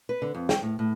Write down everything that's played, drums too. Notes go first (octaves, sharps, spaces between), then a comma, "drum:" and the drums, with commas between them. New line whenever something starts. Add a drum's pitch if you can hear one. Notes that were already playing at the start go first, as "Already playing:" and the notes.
B4
D3
F2
G5, drum: snare
A2
A2